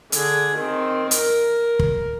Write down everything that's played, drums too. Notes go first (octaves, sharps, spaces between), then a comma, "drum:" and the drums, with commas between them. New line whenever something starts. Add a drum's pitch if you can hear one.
D3 G#4, drum: hi-hat
D#3 C4
A#4, drum: hi-hat
drum: kick